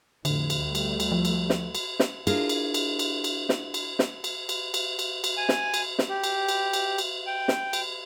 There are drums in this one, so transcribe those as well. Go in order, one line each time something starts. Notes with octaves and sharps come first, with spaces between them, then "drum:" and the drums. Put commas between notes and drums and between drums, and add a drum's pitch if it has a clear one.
F2 A2 D3, drum: cymbal
drum: cymbal
D2 G3 A3
drum: cymbal
drum: cymbal
F3
drum: cymbal
drum: snare
drum: cymbal
drum: snare
D4 E4 F4 G#4 A#4, drum: cymbal
drum: cymbal
drum: cymbal
drum: cymbal
drum: cymbal
drum: snare
drum: cymbal
drum: snare
drum: cymbal
drum: cymbal
drum: cymbal
drum: cymbal
drum: cymbal
G#5
drum: snare
drum: cymbal
drum: snare
G4
drum: cymbal
drum: cymbal
drum: cymbal
drum: cymbal
G5
drum: snare
drum: cymbal